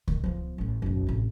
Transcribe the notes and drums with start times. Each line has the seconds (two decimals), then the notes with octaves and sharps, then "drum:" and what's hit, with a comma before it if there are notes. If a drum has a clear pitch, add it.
0.08 D#3, drum: kick C#2
0.24 F3 B3
0.58 A1 A2
0.82 F#1 B1
1.07 A1 C3